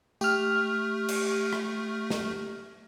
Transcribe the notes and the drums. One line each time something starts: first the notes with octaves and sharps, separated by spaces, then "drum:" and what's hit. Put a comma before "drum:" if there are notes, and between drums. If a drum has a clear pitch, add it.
A3 G4 F6, drum: tambourine
drum: cymbal
drum: rim click
drum: snare